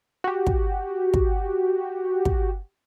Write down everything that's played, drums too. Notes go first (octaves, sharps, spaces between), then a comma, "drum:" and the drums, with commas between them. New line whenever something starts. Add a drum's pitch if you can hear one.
F#4 G4
drum: kick
drum: kick
drum: kick